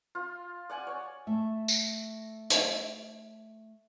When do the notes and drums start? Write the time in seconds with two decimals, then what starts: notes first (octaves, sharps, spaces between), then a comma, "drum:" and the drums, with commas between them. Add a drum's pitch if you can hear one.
0.15 F4
0.70 D5 F#5 G#5
0.87 C#5
1.27 A3 E5
1.68 drum: tambourine
2.50 drum: hi-hat